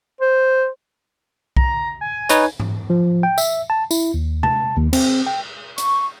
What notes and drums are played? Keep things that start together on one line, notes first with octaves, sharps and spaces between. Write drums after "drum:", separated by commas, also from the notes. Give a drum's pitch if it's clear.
C5
A#5, drum: kick B1
G#5
D#4 B4 C#5, drum: hi-hat
drum: tom G#2
F3
G5
E5, drum: tambourine
A5
E4, drum: tambourine
D#2
A5, drum: tom C3
D#2
C4, drum: cymbal
G5
C#6, drum: hi-hat